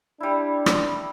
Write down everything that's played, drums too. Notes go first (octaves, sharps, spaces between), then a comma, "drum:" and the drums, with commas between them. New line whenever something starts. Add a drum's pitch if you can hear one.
G3 D4 E4
drum: rim click